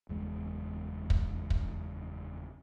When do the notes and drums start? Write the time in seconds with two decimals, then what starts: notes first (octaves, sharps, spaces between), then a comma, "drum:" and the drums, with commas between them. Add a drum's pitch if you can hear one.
0.09 F#1 E2 G#3
1.10 drum: kick
1.50 drum: kick